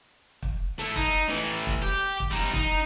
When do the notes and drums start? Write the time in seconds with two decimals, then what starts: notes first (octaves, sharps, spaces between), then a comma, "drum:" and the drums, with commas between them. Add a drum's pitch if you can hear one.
0.42 drum: kick
0.79 A3 E4
0.96 D#4, drum: kick
1.28 A2 E3
1.67 drum: kick
1.82 G4
2.20 drum: kick
2.31 G3 D#4
2.54 D#4, drum: kick